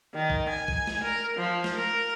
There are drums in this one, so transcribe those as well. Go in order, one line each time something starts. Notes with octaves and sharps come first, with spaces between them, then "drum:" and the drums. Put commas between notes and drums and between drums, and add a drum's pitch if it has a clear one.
D#3
drum: kick
G#5
drum: kick
drum: snare
A#4
F3
drum: snare
A#4